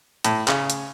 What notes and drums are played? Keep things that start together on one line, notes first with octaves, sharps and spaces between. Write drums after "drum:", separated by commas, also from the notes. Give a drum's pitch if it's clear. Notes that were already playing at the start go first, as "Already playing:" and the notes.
A2, drum: hi-hat
C#3, drum: clap
drum: hi-hat